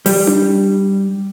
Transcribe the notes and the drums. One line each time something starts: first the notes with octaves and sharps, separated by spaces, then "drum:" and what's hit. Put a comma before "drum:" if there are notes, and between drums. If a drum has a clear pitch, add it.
G3, drum: open hi-hat
drum: tom D4